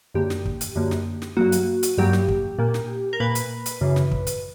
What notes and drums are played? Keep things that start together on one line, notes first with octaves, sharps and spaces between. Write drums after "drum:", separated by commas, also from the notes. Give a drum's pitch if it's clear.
F#2 D3 A#3 G4
drum: snare
drum: kick
drum: hi-hat
F#2 D3 A#3
drum: snare
drum: snare
G2 F#3 A#3 F#4
drum: hi-hat
drum: hi-hat
G2 F#3 A#3 G4
drum: snare
drum: kick
A#2 A#3
drum: snare
A#4
A#2 A#3 B4
drum: hi-hat
drum: hi-hat
F#2 C#3 E3
drum: snare
drum: kick
drum: hi-hat